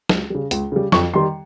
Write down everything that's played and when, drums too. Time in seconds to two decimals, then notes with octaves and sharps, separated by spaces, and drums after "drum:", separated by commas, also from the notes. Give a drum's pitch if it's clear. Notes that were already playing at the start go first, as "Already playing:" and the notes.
0.09 C#2, drum: snare
0.30 C#3 G3
0.51 C#2, drum: hi-hat
0.72 C#3 G3
0.92 F2 C#6, drum: snare
1.14 D#3 G3 C6